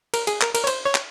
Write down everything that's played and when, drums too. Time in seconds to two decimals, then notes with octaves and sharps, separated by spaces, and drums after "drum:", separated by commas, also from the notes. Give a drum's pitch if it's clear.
0.14 A#4, drum: cymbal
0.27 G#4, drum: cymbal
0.41 A#4, drum: clap
0.55 A#4, drum: cymbal
0.64 C#5
0.67 C5, drum: cymbal
0.86 C#5
0.95 drum: clap